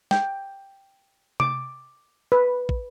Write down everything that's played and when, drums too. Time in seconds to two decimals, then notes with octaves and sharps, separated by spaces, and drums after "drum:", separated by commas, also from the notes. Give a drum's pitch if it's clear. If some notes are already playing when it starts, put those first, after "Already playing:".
0.11 G5, drum: snare
1.40 D6, drum: tom C3
2.32 B4
2.69 drum: kick